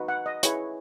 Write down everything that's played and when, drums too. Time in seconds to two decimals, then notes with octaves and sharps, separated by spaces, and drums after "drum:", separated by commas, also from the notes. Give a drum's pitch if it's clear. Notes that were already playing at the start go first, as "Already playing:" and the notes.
Already playing: D#4 F#4 B4
0.08 F#5
0.26 D#5
0.43 E4 G#4 B4 C#5, drum: hi-hat